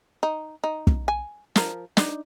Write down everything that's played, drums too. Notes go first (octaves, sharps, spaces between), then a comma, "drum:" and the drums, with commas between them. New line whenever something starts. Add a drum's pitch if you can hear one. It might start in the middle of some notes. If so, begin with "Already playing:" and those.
D#4
D#4
drum: kick
G#5
F3 A#4, drum: snare
D4 D#4, drum: snare